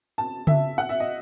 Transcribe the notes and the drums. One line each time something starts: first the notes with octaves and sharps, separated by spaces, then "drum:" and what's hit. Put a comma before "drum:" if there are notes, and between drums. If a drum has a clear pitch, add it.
A5
E5, drum: tom C#3
F#5
E5
D#5